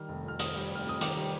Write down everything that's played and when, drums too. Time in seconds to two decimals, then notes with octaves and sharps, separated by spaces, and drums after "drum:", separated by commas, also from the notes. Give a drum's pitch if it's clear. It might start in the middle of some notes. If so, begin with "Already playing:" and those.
Already playing: D#3 G3 F6
0.09 F1
0.25 F2 F6
0.39 D#3 D#6, drum: hi-hat
0.56 G3
0.71 F1 F6
0.86 F2 D#6
1.01 D#3 D6, drum: hi-hat
1.17 G3